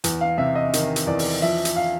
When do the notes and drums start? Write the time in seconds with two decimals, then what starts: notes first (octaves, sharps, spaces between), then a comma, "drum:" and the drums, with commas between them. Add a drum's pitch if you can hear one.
0.04 E2, drum: hi-hat
0.21 F5
0.38 C3 E5
0.55 D#5
0.73 D#3, drum: hi-hat
0.96 drum: hi-hat
1.07 E2 D5
1.19 drum: open hi-hat
1.42 F3 E5
1.65 drum: hi-hat
1.76 F5